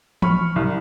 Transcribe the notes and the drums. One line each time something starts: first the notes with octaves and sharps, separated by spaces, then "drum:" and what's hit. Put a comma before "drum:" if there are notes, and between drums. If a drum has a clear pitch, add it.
B5 C#6 F6, drum: tom E3
C2